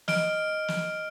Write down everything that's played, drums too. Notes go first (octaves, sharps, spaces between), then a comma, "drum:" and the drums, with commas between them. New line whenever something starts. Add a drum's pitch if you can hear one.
D#5 F6 D7, drum: snare
drum: snare